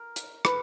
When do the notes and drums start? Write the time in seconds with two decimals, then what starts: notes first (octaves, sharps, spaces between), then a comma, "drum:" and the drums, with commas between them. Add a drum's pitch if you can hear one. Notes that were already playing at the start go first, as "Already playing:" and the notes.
Already playing: A#4
0.16 drum: hi-hat
0.45 B4, drum: rim click